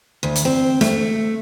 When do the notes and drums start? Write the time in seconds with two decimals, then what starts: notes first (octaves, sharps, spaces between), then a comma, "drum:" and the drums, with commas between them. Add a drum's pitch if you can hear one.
0.23 D2
0.36 drum: hi-hat
0.45 C4
0.81 A3, drum: snare